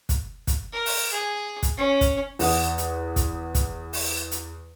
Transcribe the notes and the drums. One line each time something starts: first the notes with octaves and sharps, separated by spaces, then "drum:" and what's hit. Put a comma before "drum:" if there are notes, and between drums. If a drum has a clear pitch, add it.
drum: kick, hi-hat
drum: kick, hi-hat
A#4
drum: open hi-hat
G#4
drum: kick, hi-hat
C#4
drum: kick, hi-hat
E2 F#5 D#6, drum: open hi-hat
drum: hi-hat
drum: kick, hi-hat
drum: kick, hi-hat
drum: open hi-hat
drum: hi-hat